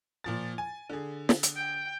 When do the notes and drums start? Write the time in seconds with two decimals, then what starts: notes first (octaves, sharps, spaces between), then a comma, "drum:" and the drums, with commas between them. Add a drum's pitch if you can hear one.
0.24 A#2 F3 A6
0.58 G#5
0.89 D3 G#4
1.29 drum: snare
1.43 drum: hi-hat
1.56 G5